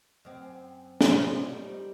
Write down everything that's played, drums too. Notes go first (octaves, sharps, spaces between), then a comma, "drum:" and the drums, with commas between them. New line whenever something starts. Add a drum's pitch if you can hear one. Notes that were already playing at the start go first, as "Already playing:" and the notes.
F#2 C4
B2 F3 G#3, drum: snare
G3 A3 D#4